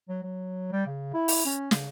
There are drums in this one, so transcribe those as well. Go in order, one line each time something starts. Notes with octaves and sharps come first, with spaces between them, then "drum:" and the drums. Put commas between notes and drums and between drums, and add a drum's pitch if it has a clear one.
F#3
F#3
G3
C#3
E4
drum: open hi-hat
C#4
C#3, drum: snare